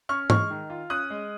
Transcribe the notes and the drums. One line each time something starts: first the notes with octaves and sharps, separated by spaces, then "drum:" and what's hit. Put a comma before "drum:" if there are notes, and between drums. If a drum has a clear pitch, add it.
C#4 C#6 F6
G#3 C#6 F6, drum: tom G#2
D#3
F4
C#4 D#6 F#6
G#3